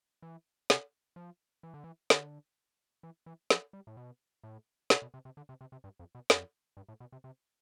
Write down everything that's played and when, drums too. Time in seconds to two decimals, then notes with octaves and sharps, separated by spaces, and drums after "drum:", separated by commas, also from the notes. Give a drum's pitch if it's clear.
0.22 E3
0.70 C3, drum: snare
1.16 F3
1.63 E3
1.74 D3
1.84 E3
2.10 D3, drum: snare
3.03 E3
3.26 E3
3.50 F3, drum: snare
3.73 G3
3.87 A2
3.97 B2
4.43 A2
4.90 B2, drum: snare
5.02 B2
5.14 C3
5.25 C3
5.37 D3
5.49 C3
5.61 C3
5.72 C3
5.84 G2
5.99 F2
6.15 B2
6.30 F2, drum: snare
6.77 G2
6.88 A2
7.00 B2
7.12 C3
7.24 C3